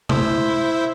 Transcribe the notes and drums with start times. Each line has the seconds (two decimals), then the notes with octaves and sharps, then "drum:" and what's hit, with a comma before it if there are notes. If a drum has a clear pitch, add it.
0.09 E4 C5 E5, drum: tom